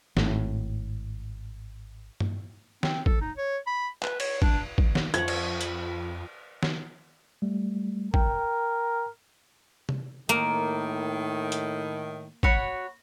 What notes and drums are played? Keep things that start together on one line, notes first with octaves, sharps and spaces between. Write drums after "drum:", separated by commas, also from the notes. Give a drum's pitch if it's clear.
G#1 A2, drum: snare
drum: tom G2
C4, drum: snare
A4, drum: kick
D#4
C#5
B5
B4, drum: clap
C#5, drum: cymbal
D4, drum: kick
drum: kick
drum: snare
F2 F3 C#5 F#5 G#6, drum: hi-hat
drum: cymbal
B5, drum: hi-hat
drum: snare
G3 A3
A#4 G5, drum: kick
drum: tom C3
A2 D#3 A#3
drum: hi-hat
F#4 C#5 B5, drum: kick